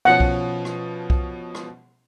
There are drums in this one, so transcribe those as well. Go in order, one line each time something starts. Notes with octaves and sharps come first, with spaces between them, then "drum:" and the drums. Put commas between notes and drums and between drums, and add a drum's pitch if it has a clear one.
B2 F3 C#4 F#5
drum: kick B1
drum: rim click
drum: kick B1
drum: rim click